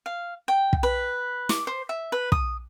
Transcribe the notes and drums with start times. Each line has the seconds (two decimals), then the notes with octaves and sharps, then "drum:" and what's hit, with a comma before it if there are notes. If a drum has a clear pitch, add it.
0.06 F5
0.48 G5
0.73 drum: kick
0.83 B4
1.49 D6, drum: snare
1.67 C5
1.89 E5
2.12 B4
2.32 D#6, drum: kick